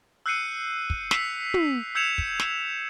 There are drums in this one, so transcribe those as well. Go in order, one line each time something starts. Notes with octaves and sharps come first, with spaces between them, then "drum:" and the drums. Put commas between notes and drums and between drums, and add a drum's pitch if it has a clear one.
E6 F#6 G6 C7 C#7 D#7
drum: kick
E6 B6 C7 F7, drum: snare
drum: tom
E6 G6 G#6 C#7 E7 F7
drum: kick
drum: snare